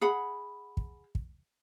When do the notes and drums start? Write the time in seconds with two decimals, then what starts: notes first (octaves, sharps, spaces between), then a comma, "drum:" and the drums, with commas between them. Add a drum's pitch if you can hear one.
0.01 G#4 F#5 B5
0.77 drum: kick
1.15 drum: kick